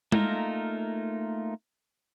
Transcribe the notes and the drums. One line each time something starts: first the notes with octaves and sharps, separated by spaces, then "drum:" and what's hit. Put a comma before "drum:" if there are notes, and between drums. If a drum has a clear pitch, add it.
A3 A#3 D#4 F4 A#4, drum: tom G#3